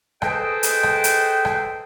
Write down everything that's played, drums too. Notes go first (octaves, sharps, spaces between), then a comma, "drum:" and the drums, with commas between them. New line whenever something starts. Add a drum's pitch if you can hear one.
G#4 A4 B4 C5 D#5 G5, drum: rim click
drum: hi-hat
drum: rim click
drum: hi-hat
drum: rim click